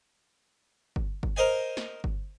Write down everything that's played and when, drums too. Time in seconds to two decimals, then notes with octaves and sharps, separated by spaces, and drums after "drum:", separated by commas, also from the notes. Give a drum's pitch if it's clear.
0.96 drum: kick G1
1.23 drum: kick G1
1.36 A#4 C5 D#5 G#5
1.77 drum: snare
2.04 drum: kick G1